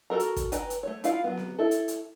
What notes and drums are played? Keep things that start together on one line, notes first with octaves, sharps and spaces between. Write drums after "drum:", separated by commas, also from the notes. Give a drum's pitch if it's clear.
F#4 A4 A#4 A#5
drum: hi-hat
drum: kick, hi-hat
B4 G5 G#5 A#5, drum: hi-hat
drum: hi-hat
A3 C#5
E4 F4 F5, drum: hi-hat
F#3 B3
drum: snare C4
E4 A4
drum: hi-hat
drum: hi-hat